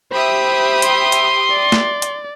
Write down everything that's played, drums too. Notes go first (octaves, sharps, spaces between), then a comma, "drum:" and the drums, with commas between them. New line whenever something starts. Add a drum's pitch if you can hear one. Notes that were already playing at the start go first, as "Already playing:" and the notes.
G4 C5 E5 B5 D#6
C6, drum: hi-hat
drum: hi-hat
D5
drum: snare
drum: hi-hat